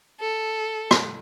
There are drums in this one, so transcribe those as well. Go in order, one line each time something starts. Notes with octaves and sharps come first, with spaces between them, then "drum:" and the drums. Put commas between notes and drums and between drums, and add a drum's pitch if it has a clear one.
A4
drum: rim click